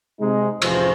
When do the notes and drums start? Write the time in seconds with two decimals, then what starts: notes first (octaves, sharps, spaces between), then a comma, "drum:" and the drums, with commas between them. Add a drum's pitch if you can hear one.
0.20 C3 G#3 D#4
0.62 A1 F2 C3 F3 G#4 C5, drum: cymbal